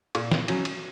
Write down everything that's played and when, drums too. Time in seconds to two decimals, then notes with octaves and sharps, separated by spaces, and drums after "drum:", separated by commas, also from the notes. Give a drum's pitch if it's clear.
0.15 A#2, drum: cymbal
0.31 drum: snare
0.48 F#3 C#4, drum: cymbal
0.65 drum: cymbal